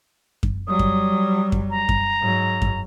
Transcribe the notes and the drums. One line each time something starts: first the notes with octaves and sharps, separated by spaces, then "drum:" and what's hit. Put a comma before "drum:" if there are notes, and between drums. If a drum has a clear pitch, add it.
drum: kick F#2
F#3 G3 D#6
drum: kick F#2
drum: kick F#2
A#5
drum: kick F#2
G#2 F#3
drum: kick F#2